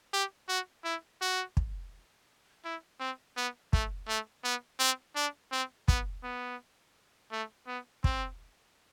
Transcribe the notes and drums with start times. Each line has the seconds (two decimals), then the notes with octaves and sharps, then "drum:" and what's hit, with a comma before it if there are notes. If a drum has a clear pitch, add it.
0.13 G4
0.49 F#4
0.84 E4
1.21 F#4
1.57 drum: kick
2.65 E4
3.00 C4
3.37 B3
3.73 A3, drum: kick
4.08 A3
4.44 B3
4.80 C4
5.16 D4
5.52 C4
5.88 B3, drum: kick
6.24 B3
7.32 A3
7.67 B3
8.04 C4, drum: kick